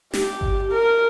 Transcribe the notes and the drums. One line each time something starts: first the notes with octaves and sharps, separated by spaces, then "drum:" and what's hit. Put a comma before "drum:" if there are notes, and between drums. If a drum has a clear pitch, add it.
G4, drum: snare
drum: kick G1
A#4